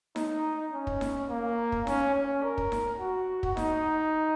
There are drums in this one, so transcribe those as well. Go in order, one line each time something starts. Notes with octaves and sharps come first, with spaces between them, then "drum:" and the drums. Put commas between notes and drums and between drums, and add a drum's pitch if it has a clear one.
D#4, drum: snare D#4
C#4
drum: kick
drum: snare D#4
A#3
drum: kick
C#4, drum: snare D#4
C#4
A#4
drum: kick
drum: snare D#4
F#4
drum: kick
D#4, drum: snare D#4